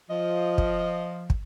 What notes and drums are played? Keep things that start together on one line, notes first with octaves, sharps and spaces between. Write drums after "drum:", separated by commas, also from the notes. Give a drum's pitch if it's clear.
F3 D#5
drum: kick
drum: kick